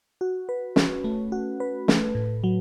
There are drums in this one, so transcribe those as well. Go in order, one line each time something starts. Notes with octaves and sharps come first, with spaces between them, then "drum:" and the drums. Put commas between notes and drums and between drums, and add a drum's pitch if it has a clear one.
F#4
B4
C#4, drum: snare
A3
F#4
B4
A3, drum: snare
A2
F#3